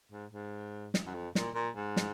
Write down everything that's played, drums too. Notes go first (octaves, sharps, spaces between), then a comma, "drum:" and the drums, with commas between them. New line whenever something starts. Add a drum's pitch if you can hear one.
G#2
G#2
drum: snare
F#2
F2
A#2, drum: snare
A#2
G#2
drum: snare